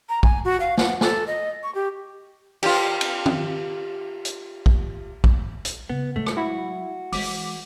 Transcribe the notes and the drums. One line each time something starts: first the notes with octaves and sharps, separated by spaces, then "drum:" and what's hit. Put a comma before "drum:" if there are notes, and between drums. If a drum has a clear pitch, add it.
A#5
G#5, drum: kick
F#4
F5
F#5, drum: snare
A4, drum: snare
D#5
C#6
G4
F4 G4, drum: cymbal
drum: cymbal
drum: tom D#3
drum: hi-hat
drum: kick
drum: kick
drum: hi-hat
C#3 B3
F#3 G#3 A3
drum: rim click
E4 F#4
E3 G#3 D6 B6, drum: open hi-hat